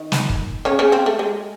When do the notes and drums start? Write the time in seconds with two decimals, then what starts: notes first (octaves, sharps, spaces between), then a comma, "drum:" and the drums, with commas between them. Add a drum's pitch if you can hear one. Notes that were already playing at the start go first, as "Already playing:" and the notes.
Already playing: D#3
0.12 drum: snare
0.30 drum: kick
0.65 C#3 C#4
0.79 C#3 C#4
0.92 C4
1.06 A3
1.19 G#3